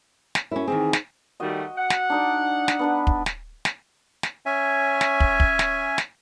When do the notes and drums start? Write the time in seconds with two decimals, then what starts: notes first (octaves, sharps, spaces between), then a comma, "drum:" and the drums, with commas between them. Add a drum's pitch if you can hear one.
0.35 drum: snare
0.51 F#2 C#4 E4
0.67 D#3 E3 C4 G#4
0.93 drum: snare
1.40 D#3 G3 A3 F#4 D#5
1.76 F#5
1.90 drum: snare
2.10 D4 D#4 D5
2.68 drum: snare
2.79 B3 D4 B4
3.07 drum: kick
3.26 drum: snare
3.65 drum: snare
4.23 drum: snare
4.46 C#4 C#5 E5 G#5
5.01 drum: snare
5.20 drum: kick
5.40 drum: kick
5.59 drum: snare
5.98 drum: snare